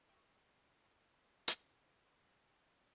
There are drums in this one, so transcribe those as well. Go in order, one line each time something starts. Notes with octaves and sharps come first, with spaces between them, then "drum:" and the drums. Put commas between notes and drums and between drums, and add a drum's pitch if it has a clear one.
E5 G5 C#6
drum: hi-hat